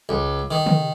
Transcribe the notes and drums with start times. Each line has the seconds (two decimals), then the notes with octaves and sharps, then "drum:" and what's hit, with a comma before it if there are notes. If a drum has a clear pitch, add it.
0.09 C#2
0.51 D#3
0.66 drum: tom